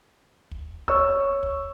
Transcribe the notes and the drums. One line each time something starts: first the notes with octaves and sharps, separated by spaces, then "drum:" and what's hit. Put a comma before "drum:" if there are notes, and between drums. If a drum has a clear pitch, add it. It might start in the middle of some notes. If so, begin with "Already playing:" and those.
drum: kick
C#5 C#6 E6, drum: kick
drum: kick